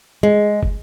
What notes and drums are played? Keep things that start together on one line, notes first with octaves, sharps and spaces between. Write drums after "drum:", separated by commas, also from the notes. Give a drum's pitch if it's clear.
G#3
drum: kick